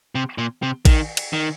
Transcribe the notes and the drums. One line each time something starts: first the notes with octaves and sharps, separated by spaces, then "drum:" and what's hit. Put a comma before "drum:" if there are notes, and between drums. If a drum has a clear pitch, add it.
C3
A#2
C3
D#3, drum: kick A1, cymbal
drum: cymbal
D#3